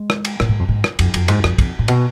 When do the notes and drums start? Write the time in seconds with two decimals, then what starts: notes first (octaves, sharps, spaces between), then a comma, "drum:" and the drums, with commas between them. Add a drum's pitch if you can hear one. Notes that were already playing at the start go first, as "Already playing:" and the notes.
Already playing: G#3
0.10 drum: rim click
0.25 drum: cymbal
0.40 A2, drum: rim click
0.49 G#2
0.59 F2
0.69 G#2
0.84 drum: rim click
0.99 F2, drum: cymbal
1.14 F2, drum: cymbal
1.28 G#2, drum: cymbal
1.44 F2, drum: rim click
1.58 F2, drum: kick, cymbal
1.79 A2
1.88 B2, drum: cymbal